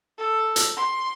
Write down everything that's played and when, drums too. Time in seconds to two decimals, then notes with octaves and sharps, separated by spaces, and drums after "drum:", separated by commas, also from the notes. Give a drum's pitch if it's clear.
0.18 A4
0.56 drum: hi-hat
0.77 C6